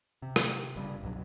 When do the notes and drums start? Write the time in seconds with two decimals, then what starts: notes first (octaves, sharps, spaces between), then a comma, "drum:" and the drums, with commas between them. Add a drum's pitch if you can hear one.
0.22 C3
0.36 drum: rim click
0.75 G1 G2 C#3 G3
1.02 C2 G2 B2 F#3